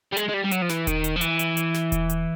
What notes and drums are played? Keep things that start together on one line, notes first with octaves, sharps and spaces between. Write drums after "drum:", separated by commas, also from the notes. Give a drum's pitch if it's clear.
G3
G#3, drum: hi-hat
G#3
G3
G3
F#3, drum: hi-hat
F3
E3, drum: snare
D#3, drum: kick E1, hi-hat
drum: hi-hat
F3
E3, drum: hi-hat
drum: hi-hat
drum: hi-hat
drum: snare
drum: kick E1, hi-hat
drum: hi-hat